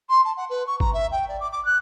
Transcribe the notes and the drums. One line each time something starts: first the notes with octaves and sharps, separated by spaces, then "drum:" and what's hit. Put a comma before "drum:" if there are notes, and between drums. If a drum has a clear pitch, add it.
C6
A5
F#5
B4
C#6
A#5, drum: kick G#1
E5
G5
D5
D6
D6
F#6